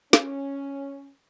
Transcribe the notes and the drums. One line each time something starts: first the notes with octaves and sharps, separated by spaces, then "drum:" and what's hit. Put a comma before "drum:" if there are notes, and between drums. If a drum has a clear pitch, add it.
C#4, drum: snare